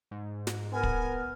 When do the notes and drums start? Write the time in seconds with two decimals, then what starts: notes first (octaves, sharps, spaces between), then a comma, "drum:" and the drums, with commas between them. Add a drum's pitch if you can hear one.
0.11 G#2
0.47 drum: snare
0.73 B3 A#4 G#5
0.83 drum: kick